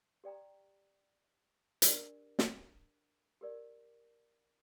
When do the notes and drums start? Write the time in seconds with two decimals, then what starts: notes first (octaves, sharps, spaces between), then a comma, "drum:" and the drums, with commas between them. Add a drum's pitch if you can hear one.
0.24 G4 D5 G5 A#5
1.82 D4 G4 A#4 D5, drum: hi-hat
2.39 drum: snare
3.41 G4 A#4 D5